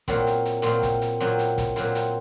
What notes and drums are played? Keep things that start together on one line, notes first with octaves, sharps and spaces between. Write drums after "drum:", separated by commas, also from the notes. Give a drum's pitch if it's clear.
A#2 F#3 C4 F4, drum: kick, hi-hat
drum: hi-hat
drum: hi-hat
A#2 F#3 C4 F4, drum: hi-hat
drum: kick, hi-hat
drum: hi-hat
A#2 F#3 C4 F4, drum: hi-hat
drum: hi-hat
drum: kick, hi-hat
A#2 F#3 C4 F4, drum: hi-hat
drum: hi-hat